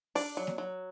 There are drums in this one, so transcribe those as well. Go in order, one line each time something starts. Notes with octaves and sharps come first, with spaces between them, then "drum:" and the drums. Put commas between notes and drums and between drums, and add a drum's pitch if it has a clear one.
D4 D5, drum: open hi-hat
F#3
drum: snare A#3
F#3